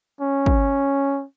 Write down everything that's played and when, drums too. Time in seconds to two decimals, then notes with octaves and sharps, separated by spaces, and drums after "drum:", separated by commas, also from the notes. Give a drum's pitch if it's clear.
0.21 C#4
0.46 drum: kick